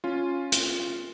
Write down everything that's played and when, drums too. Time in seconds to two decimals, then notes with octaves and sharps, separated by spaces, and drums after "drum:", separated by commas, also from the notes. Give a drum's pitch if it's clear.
0.04 C#4 F4
0.52 drum: hi-hat